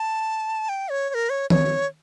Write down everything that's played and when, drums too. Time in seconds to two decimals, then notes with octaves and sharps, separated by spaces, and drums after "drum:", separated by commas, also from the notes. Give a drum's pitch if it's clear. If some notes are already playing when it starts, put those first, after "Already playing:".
Already playing: A5
0.69 G5
0.89 C#5
1.09 C#5
1.14 A#4
1.30 C#5
1.50 C#5, drum: tom D#3